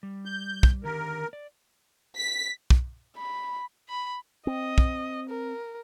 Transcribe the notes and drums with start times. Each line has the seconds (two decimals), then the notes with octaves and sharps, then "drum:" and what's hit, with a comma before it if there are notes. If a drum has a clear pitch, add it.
0.03 G3
0.25 G6
0.63 drum: kick
0.84 D3 D#3 G4 A#4
1.33 D5
2.17 B6
2.70 drum: kick
3.17 B5
3.89 B5
4.47 C4 D#5
4.78 drum: kick
5.30 A#4